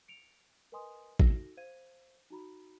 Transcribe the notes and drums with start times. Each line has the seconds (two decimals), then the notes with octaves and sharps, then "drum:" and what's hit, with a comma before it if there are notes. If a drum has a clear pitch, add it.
0.08 C#7 D7 F7
0.72 A#4 B4 D#5 G#5 C6 D#6
1.19 D#4 F#4 A4 E6 A#6, drum: kick A1
1.57 C5 F5 G#6 D#7
2.30 D#4 F#4 A#5 B5